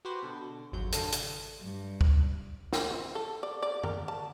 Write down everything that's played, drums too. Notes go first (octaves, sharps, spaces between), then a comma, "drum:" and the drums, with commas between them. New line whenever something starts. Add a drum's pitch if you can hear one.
F#4 G4 B4 C5
B2 D3
G#1 F2 F#3 G6
C2 D3 D4 A4 F5 D#6, drum: hi-hat
drum: hi-hat
G2
drum: kick
drum: snare
C4
A4
D5
D5
A#4, drum: tom F#2
A5